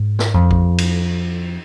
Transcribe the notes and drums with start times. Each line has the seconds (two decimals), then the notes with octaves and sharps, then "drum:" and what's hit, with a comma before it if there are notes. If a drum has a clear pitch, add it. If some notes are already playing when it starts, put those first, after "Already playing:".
Already playing: G#2
0.19 drum: snare
0.34 F2
0.51 drum: kick A1
0.78 drum: cymbal